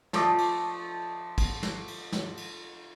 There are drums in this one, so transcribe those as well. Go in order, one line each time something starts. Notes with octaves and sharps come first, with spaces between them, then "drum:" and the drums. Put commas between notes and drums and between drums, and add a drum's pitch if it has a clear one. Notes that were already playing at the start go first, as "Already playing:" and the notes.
F3 A3 D5 D#5, drum: snare
drum: cymbal
drum: kick, cymbal
drum: snare
drum: cymbal
drum: snare
drum: cymbal